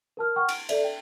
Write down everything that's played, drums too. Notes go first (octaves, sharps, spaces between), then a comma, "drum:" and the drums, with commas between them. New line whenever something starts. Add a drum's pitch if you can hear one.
A#4 A5 F6
F#5 G5 C#6 F6
D7, drum: cymbal
A4 D5 E5, drum: cymbal
G5